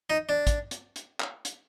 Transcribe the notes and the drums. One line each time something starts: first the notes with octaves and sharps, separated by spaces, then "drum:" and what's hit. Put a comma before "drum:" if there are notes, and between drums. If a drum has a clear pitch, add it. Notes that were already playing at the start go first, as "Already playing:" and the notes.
D#4
D4
drum: kick, hi-hat
drum: hi-hat
drum: hi-hat
drum: clap
drum: hi-hat